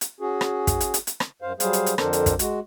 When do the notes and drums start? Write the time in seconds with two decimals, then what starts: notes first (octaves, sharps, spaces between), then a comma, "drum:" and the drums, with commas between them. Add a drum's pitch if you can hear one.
0.01 drum: hi-hat
0.21 C#4 F#4 G#4
0.41 drum: rim click
0.67 drum: kick, hi-hat
0.80 drum: hi-hat
0.94 drum: hi-hat
1.07 drum: hi-hat
1.20 drum: rim click
1.42 F#2 C5 F5
1.60 F#3 G3 G#4 C5 F5, drum: hi-hat
1.73 drum: hi-hat
1.86 drum: hi-hat
1.98 F2 D3 D4 A4 A#4 C5, drum: rim click
2.13 drum: hi-hat
2.26 drum: kick, hi-hat
2.39 G#3 F#4, drum: hi-hat